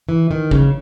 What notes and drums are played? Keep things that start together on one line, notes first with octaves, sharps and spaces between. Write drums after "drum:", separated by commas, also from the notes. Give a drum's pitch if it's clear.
E3
D#3
C#3, drum: kick